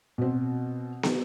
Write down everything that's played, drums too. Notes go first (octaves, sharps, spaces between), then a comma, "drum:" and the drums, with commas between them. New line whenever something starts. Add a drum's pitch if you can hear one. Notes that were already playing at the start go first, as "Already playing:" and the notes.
B2 C4
drum: snare